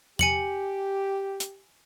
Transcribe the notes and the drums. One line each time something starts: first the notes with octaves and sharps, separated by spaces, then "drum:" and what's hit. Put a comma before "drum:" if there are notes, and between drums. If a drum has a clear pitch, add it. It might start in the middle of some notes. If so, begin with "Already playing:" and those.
G4 G#5 C#7 F#7, drum: tom E2
drum: hi-hat